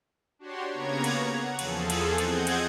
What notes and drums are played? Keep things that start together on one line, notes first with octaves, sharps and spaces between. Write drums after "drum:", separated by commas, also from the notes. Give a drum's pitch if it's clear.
D4 F#4 G4 C#5 C6
C#3 A#3 B3 C#5 A#5 G#6
drum: cymbal
F#5
E2 F3 G#4 A4, drum: cymbal
drum: cymbal
C4 D#5 F#5 G6 G#6, drum: cymbal
drum: cymbal